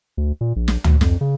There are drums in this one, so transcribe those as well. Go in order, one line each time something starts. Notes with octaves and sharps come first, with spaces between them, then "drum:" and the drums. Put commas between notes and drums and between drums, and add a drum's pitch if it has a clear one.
D2
A#2
A#1
drum: snare
D2, drum: tom C#2
F2, drum: snare
C#3